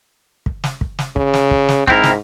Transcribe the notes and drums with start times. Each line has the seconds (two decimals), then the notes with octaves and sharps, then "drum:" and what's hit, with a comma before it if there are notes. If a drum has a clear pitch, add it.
0.46 drum: kick
0.64 drum: snare
0.81 drum: kick
0.99 drum: snare
1.16 C#3, drum: kick
1.34 drum: snare
1.51 drum: kick
1.69 drum: snare
1.87 G#2 C4 E4 A#4, drum: kick
2.04 drum: snare